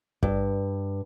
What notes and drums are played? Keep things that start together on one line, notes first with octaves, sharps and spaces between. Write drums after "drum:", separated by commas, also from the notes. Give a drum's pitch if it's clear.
G2, drum: kick